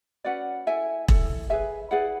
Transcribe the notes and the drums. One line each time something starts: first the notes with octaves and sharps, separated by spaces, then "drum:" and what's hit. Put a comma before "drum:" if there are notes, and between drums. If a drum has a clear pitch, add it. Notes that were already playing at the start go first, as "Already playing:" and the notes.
C#4 F#4 B4 D5 F#5
E4 A4 E5 G#5
E4 A4, drum: kick E1
E4 G#4 B4 E5 G#5
E4 G#4 B4 D5 F#5